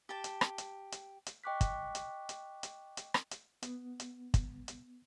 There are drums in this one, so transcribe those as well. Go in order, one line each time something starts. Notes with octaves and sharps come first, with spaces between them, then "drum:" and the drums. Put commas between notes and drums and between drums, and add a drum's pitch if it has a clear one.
G4 A5
drum: hi-hat
drum: rim click
drum: hi-hat
drum: hi-hat
drum: hi-hat
D#5 G5 C#6 D6 F#6 B6
drum: kick, hi-hat
drum: hi-hat
drum: hi-hat
drum: hi-hat
drum: hi-hat
drum: rim click
drum: hi-hat
B3, drum: hi-hat
drum: hi-hat
drum: kick, hi-hat
drum: hi-hat